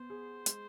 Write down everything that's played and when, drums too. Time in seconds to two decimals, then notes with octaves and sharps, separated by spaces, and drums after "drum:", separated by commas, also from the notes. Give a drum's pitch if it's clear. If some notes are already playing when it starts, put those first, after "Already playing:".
Already playing: B3 C5
0.10 G#4
0.46 G#3, drum: hi-hat